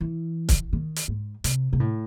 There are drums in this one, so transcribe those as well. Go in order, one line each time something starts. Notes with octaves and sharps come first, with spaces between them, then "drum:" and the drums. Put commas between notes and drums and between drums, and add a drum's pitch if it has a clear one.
E3
drum: kick, hi-hat
D#3
drum: hi-hat
G#2
C3, drum: hi-hat
C3
A2